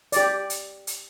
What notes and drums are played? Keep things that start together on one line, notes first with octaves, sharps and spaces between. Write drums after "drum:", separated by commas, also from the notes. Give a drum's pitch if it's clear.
G4 D5, drum: hi-hat
drum: hi-hat
drum: hi-hat